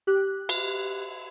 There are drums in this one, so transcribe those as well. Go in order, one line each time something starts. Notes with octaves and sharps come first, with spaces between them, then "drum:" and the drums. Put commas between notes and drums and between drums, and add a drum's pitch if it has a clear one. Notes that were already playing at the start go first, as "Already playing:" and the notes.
G4 F#6
drum: cymbal